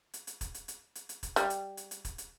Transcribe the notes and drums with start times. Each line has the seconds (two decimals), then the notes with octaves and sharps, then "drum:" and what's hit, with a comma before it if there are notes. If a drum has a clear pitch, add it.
0.14 drum: hi-hat
0.27 drum: hi-hat
0.41 drum: kick, hi-hat
0.54 drum: hi-hat
0.68 drum: hi-hat
0.95 drum: hi-hat
1.09 drum: hi-hat
1.23 drum: kick, hi-hat
1.36 G3, drum: hi-hat
1.50 drum: hi-hat
1.77 drum: hi-hat
1.91 drum: hi-hat
2.05 drum: kick, hi-hat
2.18 drum: hi-hat